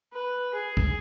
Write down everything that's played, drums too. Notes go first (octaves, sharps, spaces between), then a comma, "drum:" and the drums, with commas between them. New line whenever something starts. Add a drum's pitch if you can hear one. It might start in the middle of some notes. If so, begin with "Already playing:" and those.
B4
G#4
drum: kick